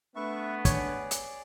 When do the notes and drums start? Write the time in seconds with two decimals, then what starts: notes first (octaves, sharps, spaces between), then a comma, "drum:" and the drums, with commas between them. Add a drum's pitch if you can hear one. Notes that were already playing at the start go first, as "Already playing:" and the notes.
0.16 A3 B3 D4 B4 E5 C#6
0.65 G#4 C#5 D5, drum: kick, hi-hat
1.11 drum: hi-hat